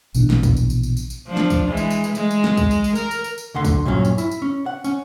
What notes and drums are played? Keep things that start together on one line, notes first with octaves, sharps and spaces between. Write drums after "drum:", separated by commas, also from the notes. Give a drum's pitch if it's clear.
A#1 B2 E3 D4, drum: tambourine
drum: snare
drum: kick, tambourine
drum: tambourine
drum: tambourine
drum: tambourine
drum: tambourine
drum: tambourine
F3 D4
drum: snare
drum: kick, tambourine
E3 G#3
drum: tambourine
drum: tambourine
drum: tambourine
G#3, drum: tambourine
drum: tambourine
drum: snare
drum: kick, tambourine
drum: tambourine
drum: tambourine
A#4, drum: tambourine
drum: tambourine
drum: tambourine
drum: tambourine
D2 D3 F#5 C6
drum: kick, tambourine
G2 A#2 F#3 C#4
drum: tambourine
E4, drum: tambourine
drum: tambourine
C#4
F#5
C#4, drum: tambourine